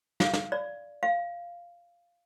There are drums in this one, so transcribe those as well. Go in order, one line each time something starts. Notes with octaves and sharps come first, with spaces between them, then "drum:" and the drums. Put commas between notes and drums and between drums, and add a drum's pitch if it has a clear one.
F5, drum: snare
drum: snare
D5
F5